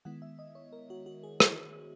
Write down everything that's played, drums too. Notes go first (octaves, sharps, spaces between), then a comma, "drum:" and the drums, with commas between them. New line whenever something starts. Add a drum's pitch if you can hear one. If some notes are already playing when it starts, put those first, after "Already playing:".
D#3 G#3 B3 E4 F#5
E5
D#5
C#5
A#4
F#4
F#4
G#4
F#4, drum: rim click